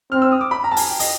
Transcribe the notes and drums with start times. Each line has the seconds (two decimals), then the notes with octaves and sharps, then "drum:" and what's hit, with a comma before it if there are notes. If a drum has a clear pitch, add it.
0.12 C4 F6
0.22 E6
0.32 D#6
0.41 D6
0.51 B5
0.64 A#5
0.71 A5
0.77 G#5, drum: open hi-hat
0.89 G5
1.00 D#5, drum: open hi-hat